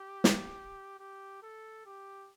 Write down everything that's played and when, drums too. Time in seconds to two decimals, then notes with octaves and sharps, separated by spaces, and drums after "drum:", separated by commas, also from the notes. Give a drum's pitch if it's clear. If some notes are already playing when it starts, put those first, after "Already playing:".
Already playing: G4
0.24 drum: snare
0.99 G4
1.42 A4
1.86 G4